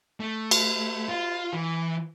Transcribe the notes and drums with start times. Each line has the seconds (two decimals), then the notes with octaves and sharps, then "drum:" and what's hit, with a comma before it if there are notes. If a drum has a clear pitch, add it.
0.20 A3
0.51 drum: cymbal
1.09 F4
1.53 E3